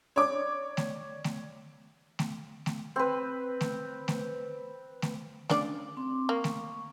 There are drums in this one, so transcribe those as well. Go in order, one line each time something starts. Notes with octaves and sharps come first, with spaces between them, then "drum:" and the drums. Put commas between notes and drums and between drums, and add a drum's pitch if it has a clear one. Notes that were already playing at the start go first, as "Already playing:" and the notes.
C#5 D5 D6
drum: snare A3
drum: snare A3
drum: snare A3
drum: snare A3
C4 B4
drum: snare A3
drum: snare A3
drum: snare A3
C#3 D4 D5, drum: snare A3
C4 C6 D6
A#3 C#6
drum: snare A3